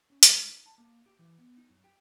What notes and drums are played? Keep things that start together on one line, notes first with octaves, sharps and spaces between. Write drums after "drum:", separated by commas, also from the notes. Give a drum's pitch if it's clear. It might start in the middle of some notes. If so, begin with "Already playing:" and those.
C#4
G3, drum: hi-hat
G#3
D#4
A5
A#3
G4
E3
B3
D#4
F#2
G4